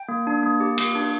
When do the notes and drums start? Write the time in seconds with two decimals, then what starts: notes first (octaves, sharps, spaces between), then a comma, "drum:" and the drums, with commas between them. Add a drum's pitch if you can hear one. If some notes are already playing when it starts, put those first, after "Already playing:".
Already playing: G5
0.09 A#3
0.27 D4
0.43 A#3
0.60 G4
0.78 A#3, drum: cymbal
0.95 D4